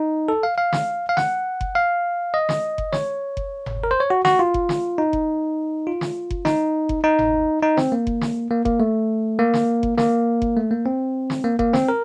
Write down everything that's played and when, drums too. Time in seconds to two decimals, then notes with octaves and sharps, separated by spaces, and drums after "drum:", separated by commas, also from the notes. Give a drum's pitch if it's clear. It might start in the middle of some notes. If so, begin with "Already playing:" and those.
Already playing: D#4
0.28 A4
0.43 F5
0.58 F5
0.73 drum: snare
1.09 F5
1.17 F#5, drum: snare
1.61 drum: kick F#1
1.75 F5
2.34 D#5
2.49 drum: snare
2.78 drum: kick F#1
2.93 C#5, drum: snare
3.37 drum: kick F#1
3.66 drum: tom G1
3.84 A#4
3.91 C5
4.00 C#5
4.10 F#4
4.25 F#4, drum: snare
4.39 F4
4.54 drum: kick F#1
4.69 drum: snare
4.98 D#4
5.13 drum: kick F#1
5.87 F4
6.01 drum: snare
6.30 drum: kick F#1
6.45 D#4, drum: snare
6.89 drum: kick F#1
7.04 D#4
7.19 drum: tom G1
7.63 D#4
7.77 C4, drum: snare
7.92 A#3
8.07 drum: kick F#1
8.21 drum: snare
8.51 A#3
8.65 A#3, drum: kick F#1
8.80 A3
9.39 A#3
9.54 drum: snare
9.83 drum: kick F#1
9.98 A#3, drum: snare
10.42 drum: kick F#1
10.57 A3
10.71 A#3
10.86 C4
11.30 drum: snare
11.44 A#3
11.59 A#3, drum: kick F#1
11.74 C4, drum: snare
11.89 A#4